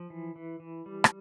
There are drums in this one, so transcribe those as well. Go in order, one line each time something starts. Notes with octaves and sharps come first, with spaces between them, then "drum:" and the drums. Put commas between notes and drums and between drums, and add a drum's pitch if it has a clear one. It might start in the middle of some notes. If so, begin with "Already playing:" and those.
Already playing: F3
E3
E3
E3
G3
drum: rim click